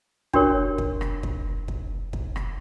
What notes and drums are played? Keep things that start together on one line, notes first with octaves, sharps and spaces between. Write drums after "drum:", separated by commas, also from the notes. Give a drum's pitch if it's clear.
D4 F#4 G4 A#4 C#5, drum: kick
drum: kick
drum: rim click
drum: kick
drum: kick
drum: kick
drum: rim click